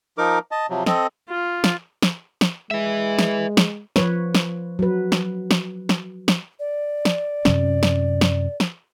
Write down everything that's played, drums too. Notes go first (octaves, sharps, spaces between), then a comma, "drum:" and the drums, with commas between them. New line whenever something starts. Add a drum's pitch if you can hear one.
F3 D#4 A#4 D6
D#5 A5
C3 F3 F#3
C4 A4 D#5, drum: snare
F4
drum: snare
drum: snare
drum: snare
G#3 B4 E5
drum: snare
drum: snare
F3 B4 C#5, drum: snare
drum: snare
F#3 B4
drum: snare
drum: snare
drum: snare
drum: snare
D5
drum: snare
F#2 C3 C#4, drum: snare
drum: snare
drum: snare
drum: snare